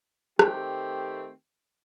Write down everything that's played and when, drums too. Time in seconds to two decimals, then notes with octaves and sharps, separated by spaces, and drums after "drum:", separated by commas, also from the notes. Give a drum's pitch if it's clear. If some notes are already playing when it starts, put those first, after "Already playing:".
0.39 D#3 A3 C4 G4, drum: rim click